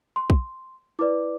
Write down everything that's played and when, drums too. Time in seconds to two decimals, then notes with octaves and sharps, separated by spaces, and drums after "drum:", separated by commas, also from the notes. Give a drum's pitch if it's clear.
0.16 C6
0.30 drum: kick
0.99 E4 B4 D5 D6